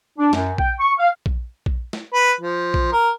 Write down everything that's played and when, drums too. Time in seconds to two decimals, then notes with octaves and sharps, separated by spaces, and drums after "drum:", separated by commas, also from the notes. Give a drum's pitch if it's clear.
0.19 D4
0.33 F#2, drum: snare
0.58 G5, drum: kick A#1
0.79 C#6
0.99 F5
1.26 drum: kick A#1
1.66 drum: kick A#1
1.93 drum: snare
2.13 B4
2.41 F3
2.74 drum: kick A#1
2.92 A#4